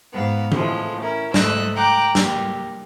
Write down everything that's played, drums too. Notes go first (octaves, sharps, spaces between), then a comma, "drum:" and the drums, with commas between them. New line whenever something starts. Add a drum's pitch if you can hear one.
G#2 B3 F5
A2 E3 F3 G#3 A3, drum: tom E3
C#4 E4 A#4
G#2 A3 D#5 E6 F#6, drum: snare
G5 A#5 D6 F#6
A#3 G4, drum: snare